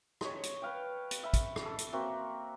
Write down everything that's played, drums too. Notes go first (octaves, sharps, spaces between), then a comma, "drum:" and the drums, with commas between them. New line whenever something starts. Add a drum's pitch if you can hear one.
C#5 D#5, drum: rim click
drum: hi-hat
B4 F5 G5
drum: hi-hat
E5 B5
drum: kick, hi-hat
drum: rim click
A4
drum: hi-hat
A#3 C4 F#4 E5